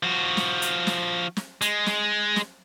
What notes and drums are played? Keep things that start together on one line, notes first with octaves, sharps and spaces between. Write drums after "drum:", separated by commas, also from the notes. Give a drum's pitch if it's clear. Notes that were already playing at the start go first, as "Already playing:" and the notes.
F3 F#4
drum: snare
drum: hi-hat
drum: snare
drum: snare
G#3, drum: hi-hat
drum: snare
drum: snare